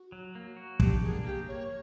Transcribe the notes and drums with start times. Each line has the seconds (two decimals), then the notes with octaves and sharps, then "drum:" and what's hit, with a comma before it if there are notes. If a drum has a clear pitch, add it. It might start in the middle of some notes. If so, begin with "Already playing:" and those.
Already playing: F#4
0.12 F#3
0.35 A#3
0.57 F#4
0.80 D4 G4, drum: kick
1.01 A#3 G#4
1.24 A#3 G4
1.47 A#3 C#5